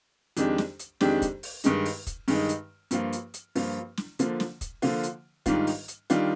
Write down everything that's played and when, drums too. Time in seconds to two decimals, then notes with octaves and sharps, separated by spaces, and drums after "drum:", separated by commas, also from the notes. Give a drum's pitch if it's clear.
0.37 F2 D#3 G#3 D4 G4, drum: hi-hat
0.58 drum: snare
0.79 drum: hi-hat
1.01 F2 D#3 G#3 D4 G4, drum: snare
1.22 drum: kick, hi-hat
1.43 drum: open hi-hat
1.64 G2 D#3 G#3 D#4, drum: hi-hat
1.85 drum: open hi-hat
2.07 drum: kick, hi-hat
2.28 G2 D#3 G#3 D#4, drum: open hi-hat
2.49 drum: hi-hat
2.91 G2 F3 A#3 F4, drum: hi-hat
3.13 drum: hi-hat
3.34 drum: hi-hat
3.55 G2 F3 A#3 F4, drum: open hi-hat
3.97 drum: snare
4.19 D3 F3 A#3 F4, drum: hi-hat
4.40 drum: snare
4.61 drum: kick, hi-hat
4.82 D3 F3 A#3 F4, drum: open hi-hat
5.03 drum: hi-hat
5.46 G#2 D#3 G3 D4 F4, drum: kick, hi-hat
5.67 drum: open hi-hat
5.88 drum: hi-hat
6.10 D#3 G3 D4 F4, drum: hi-hat